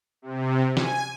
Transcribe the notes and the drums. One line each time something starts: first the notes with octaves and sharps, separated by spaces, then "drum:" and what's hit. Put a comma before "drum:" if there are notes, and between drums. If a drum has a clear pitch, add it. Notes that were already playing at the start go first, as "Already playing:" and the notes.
C3
G#5, drum: snare